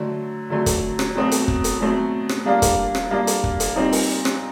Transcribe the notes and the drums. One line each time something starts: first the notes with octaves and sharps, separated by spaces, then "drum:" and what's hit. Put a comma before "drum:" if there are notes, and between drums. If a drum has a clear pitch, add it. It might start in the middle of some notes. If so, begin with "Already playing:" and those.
Already playing: D3 F#3 A3
D3 F#3 A3
drum: kick, hi-hat
drum: rim click
B2 F#3 A3 C4
drum: hi-hat
drum: kick
drum: hi-hat
B2 F#3 A3 C4
drum: rim click
G3 A#3 D4 F4
drum: kick, hi-hat
drum: rim click
G3 A#3 D4 F4
drum: hi-hat
drum: kick
drum: hi-hat
A#2 G3 C4 D#4
drum: open hi-hat
drum: rim click